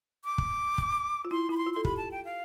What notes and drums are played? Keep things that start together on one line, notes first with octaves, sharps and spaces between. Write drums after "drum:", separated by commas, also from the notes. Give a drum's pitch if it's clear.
D6
drum: kick
drum: kick
F4
E4 C6
E4 B5
C6
F4
A4 C6
G4 B5, drum: kick
A5
G5
F5